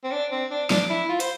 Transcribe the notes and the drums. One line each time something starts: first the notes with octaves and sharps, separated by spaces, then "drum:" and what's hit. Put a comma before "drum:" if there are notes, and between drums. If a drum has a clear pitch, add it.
C4
D4
C4
D4
D4, drum: snare
E4
F4
C5, drum: hi-hat